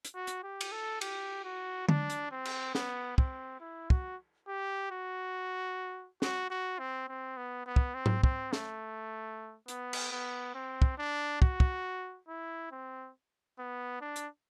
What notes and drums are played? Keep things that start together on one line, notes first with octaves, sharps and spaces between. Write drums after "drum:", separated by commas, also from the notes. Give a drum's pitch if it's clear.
drum: hi-hat
F#4
drum: hi-hat
G4
drum: cymbal
A4
G4, drum: cymbal
F#4
D4, drum: tom D3
drum: hi-hat
C4
drum: cymbal
B3, drum: snare
C4, drum: kick
E4
F#4, drum: kick
G4
F#4
F#4, drum: snare
F#4
C4
C4
B3
B3
drum: kick
C4
drum: tom G#2
C4, drum: kick
A3, drum: snare
B3, drum: hi-hat
drum: cymbal
B3
C4
drum: kick
D4
F#4, drum: kick
drum: kick
E4
C4
B3
D4
drum: hi-hat